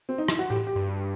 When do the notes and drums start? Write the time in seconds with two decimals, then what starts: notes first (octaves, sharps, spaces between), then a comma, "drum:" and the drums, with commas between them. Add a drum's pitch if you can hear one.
0.09 C4
0.18 D#4
0.28 E4, drum: rim click
0.39 F#4
0.50 A2 G4
0.67 G4
0.75 G2